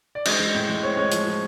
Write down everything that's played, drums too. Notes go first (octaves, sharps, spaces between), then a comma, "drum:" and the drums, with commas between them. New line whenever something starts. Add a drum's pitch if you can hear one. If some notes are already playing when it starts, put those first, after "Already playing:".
D5
G#3 D#5, drum: cymbal
G#3
A2
G#3
C4 C#5
G#3 C#5
F3, drum: hi-hat
F3